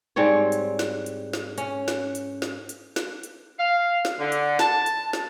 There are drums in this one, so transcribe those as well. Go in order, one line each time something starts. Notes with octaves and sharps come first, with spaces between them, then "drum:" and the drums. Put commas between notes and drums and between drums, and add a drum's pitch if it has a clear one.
G#2 G3 C4 C#5
drum: hi-hat
drum: snare
drum: hi-hat
drum: snare
C#4, drum: hi-hat
drum: snare
drum: hi-hat
drum: snare
drum: hi-hat
drum: snare
drum: hi-hat
F5
drum: snare
D3
drum: hi-hat
A5, drum: snare
drum: hi-hat
drum: snare